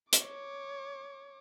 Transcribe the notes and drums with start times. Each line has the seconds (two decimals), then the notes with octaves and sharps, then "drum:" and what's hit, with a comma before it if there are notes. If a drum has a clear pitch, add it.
0.13 C#5 D6, drum: hi-hat